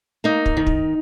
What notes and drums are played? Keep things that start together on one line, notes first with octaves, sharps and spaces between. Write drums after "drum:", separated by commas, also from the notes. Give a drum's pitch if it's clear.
A#3 D#4
drum: kick
D#3
drum: kick